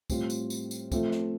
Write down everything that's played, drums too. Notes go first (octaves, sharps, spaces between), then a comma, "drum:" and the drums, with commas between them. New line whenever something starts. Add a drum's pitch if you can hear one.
A2 G3 C4 F4, drum: kick, tambourine
drum: tambourine
drum: tambourine
drum: tambourine
F3 A3 C4 F4, drum: kick, tambourine
drum: snare